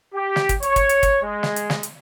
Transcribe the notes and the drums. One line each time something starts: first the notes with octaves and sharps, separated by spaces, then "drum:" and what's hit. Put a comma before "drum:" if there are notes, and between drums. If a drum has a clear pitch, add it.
G4
drum: snare
drum: kick, hi-hat
C#5, drum: hi-hat
drum: kick, hi-hat
drum: hi-hat
drum: kick, hi-hat
G#3
drum: snare
drum: hi-hat
drum: snare
drum: hi-hat